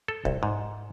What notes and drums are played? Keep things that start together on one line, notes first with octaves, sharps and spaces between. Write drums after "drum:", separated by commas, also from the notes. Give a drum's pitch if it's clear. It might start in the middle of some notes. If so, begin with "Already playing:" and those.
A4
C2, drum: kick
G#2